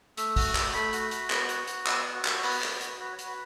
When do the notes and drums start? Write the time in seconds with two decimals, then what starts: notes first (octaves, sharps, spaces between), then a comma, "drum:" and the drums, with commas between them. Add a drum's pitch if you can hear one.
0.17 A3 E5, drum: hi-hat
0.36 F#4, drum: kick, open hi-hat
0.55 A3, drum: clap
0.74 A3 B5, drum: hi-hat
0.93 F#4, drum: hi-hat
1.11 F#4, drum: hi-hat
1.30 B3 C#6, drum: clap
1.49 F#4, drum: hi-hat
1.67 F#4, drum: hi-hat
1.87 B3 E6, drum: clap
2.01 F#4 C#6
2.15 F#5
2.25 F#4, drum: clap
2.33 C#5
2.43 B3 B4, drum: open hi-hat
2.62 F#4, drum: clap
2.81 F#4, drum: hi-hat
3.00 F#4 B4
3.13 C#5
3.19 F#4, drum: hi-hat
3.25 B4